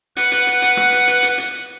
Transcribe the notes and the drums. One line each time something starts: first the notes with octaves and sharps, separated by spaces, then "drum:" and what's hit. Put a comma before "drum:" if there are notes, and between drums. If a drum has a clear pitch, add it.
B4 F#5, drum: hi-hat
drum: hi-hat
drum: hi-hat
drum: hi-hat
drum: rim click
drum: hi-hat
drum: hi-hat
drum: hi-hat
drum: hi-hat